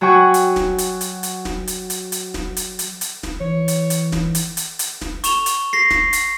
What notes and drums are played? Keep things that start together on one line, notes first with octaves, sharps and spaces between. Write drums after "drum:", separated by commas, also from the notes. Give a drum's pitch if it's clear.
F#3 F#4 G5 G#5 C#6
drum: hi-hat
drum: snare
drum: hi-hat
drum: hi-hat
drum: hi-hat
drum: snare
drum: hi-hat
drum: hi-hat
drum: hi-hat
drum: snare
drum: hi-hat
drum: hi-hat
drum: hi-hat
drum: snare
E3 C#5
drum: hi-hat
drum: hi-hat
drum: snare
drum: hi-hat
drum: hi-hat
drum: hi-hat
drum: snare
C#6 E7 F7 G7, drum: hi-hat
drum: hi-hat
A#6 C7
drum: snare
drum: hi-hat